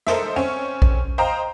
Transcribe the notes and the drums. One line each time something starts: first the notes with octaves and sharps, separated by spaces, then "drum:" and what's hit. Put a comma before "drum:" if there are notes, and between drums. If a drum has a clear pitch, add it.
A4 A#4 C5 D#5 E5, drum: snare
C4 C#4
drum: kick A#1
C5 D#5 F5 G5 A#5